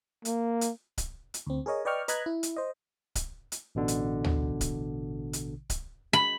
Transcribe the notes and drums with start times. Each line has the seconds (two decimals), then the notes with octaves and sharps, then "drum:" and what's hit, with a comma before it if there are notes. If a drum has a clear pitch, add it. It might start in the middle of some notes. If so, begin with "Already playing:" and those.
0.25 A#3, drum: hi-hat
0.61 drum: hi-hat
0.98 drum: kick C#1, hi-hat
1.34 drum: hi-hat
1.46 D2 C4
1.66 G#4 A#4 C#5 D#5
1.85 B4 D5 D#5 G5 C#6 F6
2.08 B4 D#5 A#5 B5 F#6 G#6, drum: hi-hat
2.26 E4
2.43 drum: hi-hat
2.56 C5 D#5
3.15 drum: kick C#1, hi-hat
3.52 drum: hi-hat
3.75 A1 B2 D3
3.88 drum: hi-hat
4.24 drum: tom
4.61 drum: kick C#1, hi-hat
5.33 drum: hi-hat
5.70 drum: kick C#1, hi-hat
6.13 B5